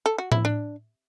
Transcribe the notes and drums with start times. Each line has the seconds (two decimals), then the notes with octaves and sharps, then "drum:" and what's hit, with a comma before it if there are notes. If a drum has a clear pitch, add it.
0.06 A4
0.18 F#4
0.32 E4, drum: tom A2
0.45 D4